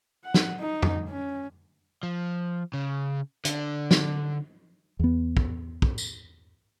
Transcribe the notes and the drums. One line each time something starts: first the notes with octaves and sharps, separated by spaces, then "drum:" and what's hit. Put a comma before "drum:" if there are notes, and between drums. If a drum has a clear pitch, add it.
F#5
drum: snare
D#4
drum: tom F2
C#4
F3
C#3
D3 D4, drum: hi-hat
drum: snare
E2 B3
drum: kick
drum: kick
drum: tambourine